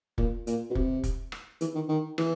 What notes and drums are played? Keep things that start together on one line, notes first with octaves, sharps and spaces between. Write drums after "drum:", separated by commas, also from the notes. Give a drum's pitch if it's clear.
A#2, drum: kick
A#2, drum: hi-hat
B2
C3, drum: kick
drum: kick, hi-hat
drum: rim click
E3, drum: hi-hat
D#3
D#3
E3, drum: rim click